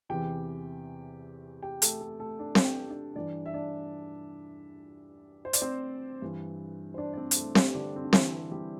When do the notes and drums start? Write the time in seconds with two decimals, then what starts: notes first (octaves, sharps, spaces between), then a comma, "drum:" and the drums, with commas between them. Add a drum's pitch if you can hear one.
0.09 E2 C3 E3 G4 G5
1.63 G4 G5
1.82 A3 A4, drum: hi-hat
2.01 A3 A4
2.20 A3 A4
2.39 D4 D5
2.55 drum: snare C4
2.65 G4 G5
2.90 D4 D5
3.16 G2 E3 D4 D5
3.46 E5
3.54 D4 D5
5.45 C5
5.53 D5, drum: hi-hat
5.61 C4 C5
6.22 G2 E3
6.94 C5
6.98 D4 D5
7.13 D5
7.17 C4 C5
7.31 C5, drum: hi-hat
7.36 A3 A4
7.55 G3 G4, drum: snare C4
7.75 D3 D4
7.96 C4
8.05 D4
8.13 E3 E4, drum: snare C4
8.51 G3 G4